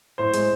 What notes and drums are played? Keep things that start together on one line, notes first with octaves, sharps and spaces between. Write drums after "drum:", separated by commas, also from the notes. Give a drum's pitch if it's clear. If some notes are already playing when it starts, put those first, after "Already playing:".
A2 C5
G#3, drum: hi-hat